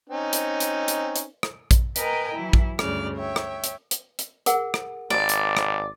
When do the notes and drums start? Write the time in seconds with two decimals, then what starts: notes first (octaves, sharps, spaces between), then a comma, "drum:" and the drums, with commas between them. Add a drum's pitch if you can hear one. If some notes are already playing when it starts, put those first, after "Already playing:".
0.09 C4 C#4 D#4
0.33 drum: hi-hat
0.60 drum: hi-hat
0.88 drum: hi-hat
1.16 drum: hi-hat
1.43 drum: rim click
1.71 drum: kick A#1, hi-hat
1.96 A#4 B4 D#5 G5 G#5 A#5, drum: hi-hat
2.35 E3 F#3 E4
2.53 drum: kick A#1
2.79 D2 G2 C#3 D5 F6, drum: rim click
3.17 C#5 E5 G5
3.36 drum: rim click
3.64 drum: hi-hat
3.91 drum: hi-hat
4.19 drum: hi-hat
4.46 G#4 A#4 F#5, drum: hi-hat
4.74 drum: rim click
5.10 G#1 D5
5.29 drum: hi-hat
5.57 drum: rim click